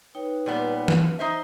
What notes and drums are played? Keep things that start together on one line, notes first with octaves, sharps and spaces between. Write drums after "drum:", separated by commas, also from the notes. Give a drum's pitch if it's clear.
D#4 B4 C#5 G5
A#2 G3 B3
drum: tom E3
D#4 C5 E5